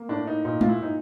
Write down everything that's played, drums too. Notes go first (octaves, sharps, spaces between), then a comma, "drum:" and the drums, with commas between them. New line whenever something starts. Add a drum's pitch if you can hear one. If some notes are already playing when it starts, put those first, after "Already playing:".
Already playing: A#3
A2 D4
D#4
A#2 D#4
F4, drum: tom G#3
E4
A#2 D#4